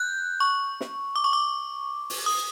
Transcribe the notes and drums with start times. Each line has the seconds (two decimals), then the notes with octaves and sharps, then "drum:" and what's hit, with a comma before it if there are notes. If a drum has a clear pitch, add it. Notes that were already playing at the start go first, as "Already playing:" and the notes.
Already playing: F#6 G6
0.40 C#6
0.81 drum: snare
1.16 D6
1.24 C#6
1.33 D6
2.10 drum: open hi-hat
2.26 D#6